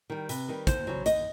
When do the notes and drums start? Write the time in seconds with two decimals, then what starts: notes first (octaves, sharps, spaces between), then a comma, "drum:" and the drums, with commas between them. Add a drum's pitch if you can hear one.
0.10 D#3 G3
0.29 C3 B4, drum: hi-hat
0.48 D#3 G3
0.67 D#2 C5, drum: kick, hi-hat
0.87 C#3 F#3
1.06 D#2 D#5, drum: hi-hat